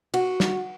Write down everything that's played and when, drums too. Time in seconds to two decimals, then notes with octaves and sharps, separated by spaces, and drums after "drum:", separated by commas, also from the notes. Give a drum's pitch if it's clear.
0.14 F#4, drum: cymbal
0.40 drum: snare